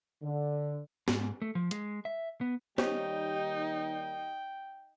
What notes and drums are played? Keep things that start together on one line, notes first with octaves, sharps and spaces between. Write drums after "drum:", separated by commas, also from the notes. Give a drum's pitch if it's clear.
D3
G#2, drum: snare
A3
F3
G#3, drum: hi-hat
E5
B3
D#2 D#3 G3 D#4 G4 C5 C#5 G5, drum: snare